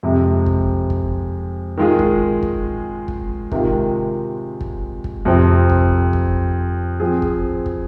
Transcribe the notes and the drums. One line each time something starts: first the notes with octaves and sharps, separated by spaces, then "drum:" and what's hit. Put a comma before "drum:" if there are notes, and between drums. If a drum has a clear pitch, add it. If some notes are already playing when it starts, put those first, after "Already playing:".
F2 C3 G#3
drum: kick
drum: kick
D#3 G#3 F4 G#4
drum: kick
drum: kick
drum: kick
C3 D#3 G#3 F4, drum: kick
drum: kick
drum: kick
F2 C3 F3 C4
drum: kick
drum: kick
F3 C4 G#4
drum: kick
drum: kick